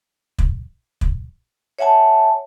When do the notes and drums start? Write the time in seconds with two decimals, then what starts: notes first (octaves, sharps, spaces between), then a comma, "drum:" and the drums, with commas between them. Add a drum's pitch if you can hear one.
0.39 drum: kick
1.01 drum: kick
1.79 C#5 E5 F#5 G#5 A5